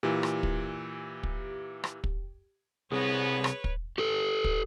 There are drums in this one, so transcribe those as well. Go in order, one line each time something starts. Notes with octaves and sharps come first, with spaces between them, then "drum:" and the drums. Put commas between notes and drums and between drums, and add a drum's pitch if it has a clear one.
A#2 E3 G4
drum: rim click
drum: kick
drum: kick
drum: rim click
drum: kick
C2 B3 C4 G#4 B4 C#5 A#6
drum: rim click
drum: kick
G4 A4
drum: kick